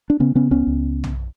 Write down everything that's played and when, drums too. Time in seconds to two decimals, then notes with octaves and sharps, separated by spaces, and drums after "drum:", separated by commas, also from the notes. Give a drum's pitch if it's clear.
0.10 D4
0.20 C#3 B3 C#4
0.35 C#3 B3 C#4
0.51 C#2 B3 C#4
0.67 C#2
1.04 drum: tom B1